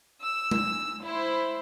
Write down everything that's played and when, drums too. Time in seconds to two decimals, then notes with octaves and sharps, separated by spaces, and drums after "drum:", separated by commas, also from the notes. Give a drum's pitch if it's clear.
0.24 E6
0.51 drum: tom G#3
1.04 E4 C5